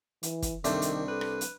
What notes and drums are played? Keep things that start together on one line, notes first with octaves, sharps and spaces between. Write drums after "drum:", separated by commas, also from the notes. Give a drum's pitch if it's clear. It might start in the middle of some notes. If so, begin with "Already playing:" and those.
E3, drum: hi-hat
drum: kick, hi-hat
C2 D#3 A3 C4 D4, drum: hi-hat
drum: hi-hat
A4 B4
drum: rim click
drum: hi-hat